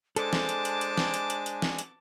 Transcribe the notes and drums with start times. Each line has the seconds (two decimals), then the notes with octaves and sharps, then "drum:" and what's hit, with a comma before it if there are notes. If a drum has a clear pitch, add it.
0.16 G#3 D4 A4 C5 G#5 A5 D6, drum: hi-hat
0.33 drum: snare
0.49 drum: hi-hat
0.65 drum: hi-hat
0.81 drum: hi-hat
0.97 drum: snare
1.14 drum: hi-hat
1.30 drum: hi-hat
1.46 drum: hi-hat
1.62 drum: snare
1.79 drum: hi-hat